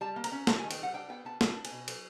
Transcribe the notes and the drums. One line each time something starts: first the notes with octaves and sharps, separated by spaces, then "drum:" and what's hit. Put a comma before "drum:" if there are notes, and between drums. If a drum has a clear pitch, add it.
G3 A5
A#3
A#5, drum: cymbal
C#4
G3 A5, drum: snare
D#3 G#5
G5, drum: cymbal
G3 F#5
D4 G5
B3 G5
B3 A5
B3 A5, drum: snare
D4
G#5, drum: cymbal
B2
F#3, drum: cymbal